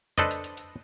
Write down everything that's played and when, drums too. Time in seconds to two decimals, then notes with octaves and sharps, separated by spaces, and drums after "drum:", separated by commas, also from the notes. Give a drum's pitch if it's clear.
0.18 D4 A4 B4 C5 D5 D#5, drum: tom F2
0.31 drum: hi-hat
0.44 drum: hi-hat
0.57 drum: hi-hat